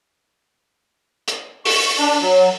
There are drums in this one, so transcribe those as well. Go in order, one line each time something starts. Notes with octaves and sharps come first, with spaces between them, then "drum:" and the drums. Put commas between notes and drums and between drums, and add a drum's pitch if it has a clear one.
drum: hi-hat
C#6, drum: open hi-hat
D4
F#3